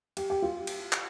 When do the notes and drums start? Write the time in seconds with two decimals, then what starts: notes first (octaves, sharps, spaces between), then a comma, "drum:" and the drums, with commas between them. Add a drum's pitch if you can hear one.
0.17 G4, drum: cymbal
0.30 G4
0.42 F4
0.67 drum: cymbal
0.92 drum: clap